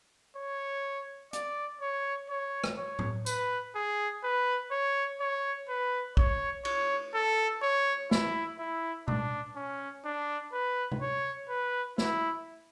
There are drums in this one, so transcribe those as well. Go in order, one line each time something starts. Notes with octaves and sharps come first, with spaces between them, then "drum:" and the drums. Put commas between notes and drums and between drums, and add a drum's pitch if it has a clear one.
C#5
D5, drum: hi-hat
C#5
C#5
drum: rim click
C#5
drum: tom A2
B4, drum: tambourine
G#4
B4
C#5
C#5
B4
C#5, drum: kick
C#5, drum: cymbal
A4
C#5
E4, drum: snare
E4
D4, drum: tom B2
C#4
D4
B4
drum: tom C3
C#5
B4
E4, drum: snare